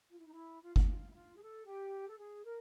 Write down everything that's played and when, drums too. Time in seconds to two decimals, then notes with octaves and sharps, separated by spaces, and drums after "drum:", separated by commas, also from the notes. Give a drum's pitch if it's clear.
0.11 F4
0.18 E4
0.26 D#4
0.32 E4
0.63 F4
0.76 F#4, drum: kick G1
0.87 F4
1.10 E4
1.14 F4
1.35 G#4
1.41 A4
1.66 G4
2.09 A4
2.18 G#4
2.44 A#4